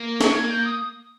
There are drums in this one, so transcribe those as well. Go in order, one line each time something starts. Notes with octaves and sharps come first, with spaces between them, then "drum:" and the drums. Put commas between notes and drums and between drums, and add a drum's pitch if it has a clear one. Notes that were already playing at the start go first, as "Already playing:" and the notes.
Already playing: A#3
C#6, drum: snare
G#6
G6
D#6